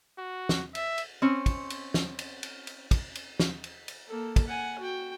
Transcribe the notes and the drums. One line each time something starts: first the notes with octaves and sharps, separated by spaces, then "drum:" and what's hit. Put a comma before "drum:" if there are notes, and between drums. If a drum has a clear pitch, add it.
F#4
drum: snare
E5, drum: cymbal
drum: cymbal
C4 C#4
drum: kick, cymbal
drum: cymbal
drum: snare
drum: cymbal
drum: cymbal
drum: cymbal
drum: kick, cymbal
drum: cymbal
drum: snare
drum: cymbal
drum: cymbal
A#3 A4
drum: kick, cymbal
F#5 G#5
F#4 G5